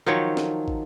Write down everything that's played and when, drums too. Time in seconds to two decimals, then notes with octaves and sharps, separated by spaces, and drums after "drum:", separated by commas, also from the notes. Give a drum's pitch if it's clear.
0.06 D#3 F3 F#3 C#5
0.37 drum: snare
0.68 drum: kick